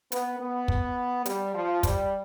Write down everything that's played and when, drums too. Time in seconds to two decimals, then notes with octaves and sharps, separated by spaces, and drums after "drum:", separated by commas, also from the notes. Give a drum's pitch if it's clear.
0.12 B3, drum: hi-hat
0.39 B3
0.68 drum: kick
1.26 G3, drum: hi-hat
1.53 F3
1.83 G3, drum: kick, hi-hat